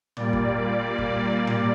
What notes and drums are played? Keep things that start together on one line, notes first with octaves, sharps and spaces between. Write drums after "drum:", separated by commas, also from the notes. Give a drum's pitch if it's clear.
A#2 G3 A#3 D5, drum: tom
drum: kick G1
drum: kick G1
drum: tom